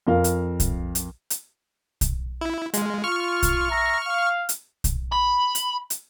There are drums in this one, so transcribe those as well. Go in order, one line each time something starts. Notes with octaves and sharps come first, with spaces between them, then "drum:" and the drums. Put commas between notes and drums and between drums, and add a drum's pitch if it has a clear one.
F2 A#4 F5
drum: hi-hat
drum: kick, hi-hat
drum: hi-hat
drum: hi-hat
drum: kick, hi-hat
E4
G#3 F4, drum: hi-hat
F4 C#6 F6
drum: kick, hi-hat
E5 A#5
F5
drum: hi-hat
drum: kick, hi-hat
B5
drum: hi-hat
drum: hi-hat